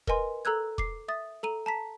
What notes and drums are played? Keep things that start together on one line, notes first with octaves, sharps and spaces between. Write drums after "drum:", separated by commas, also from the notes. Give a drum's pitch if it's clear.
A#4 B4 D#5 G#5 C6, drum: kick E1
A4 A#5 E6 F#6 G#6
D6 C7, drum: kick E1
E5 D#6 A6
A4 A#5 D#7
A5 A#5 B6